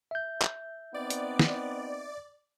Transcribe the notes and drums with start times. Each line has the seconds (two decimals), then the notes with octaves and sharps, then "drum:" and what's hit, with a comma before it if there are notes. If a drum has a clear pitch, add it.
0.11 E5 G6
0.42 drum: clap
0.94 B3 C4 D#4 D5
1.10 drum: hi-hat
1.39 drum: snare